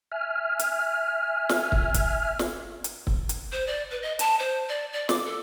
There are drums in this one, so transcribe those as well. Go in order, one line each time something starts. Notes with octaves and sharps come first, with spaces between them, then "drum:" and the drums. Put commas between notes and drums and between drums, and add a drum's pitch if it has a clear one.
E5 G#5 F6
drum: hi-hat
drum: snare
drum: kick
drum: kick, hi-hat
drum: snare
drum: hi-hat
drum: kick
drum: hi-hat
C5
D5
B4
D#5
A5, drum: hi-hat
C5
D5
D5
D6, drum: snare
A4